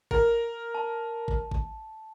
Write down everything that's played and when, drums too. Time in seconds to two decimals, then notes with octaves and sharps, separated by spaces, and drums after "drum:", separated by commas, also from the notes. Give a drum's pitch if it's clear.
0.11 A#4, drum: kick G#1
0.75 A5
1.28 drum: kick G#1
1.51 drum: kick G#1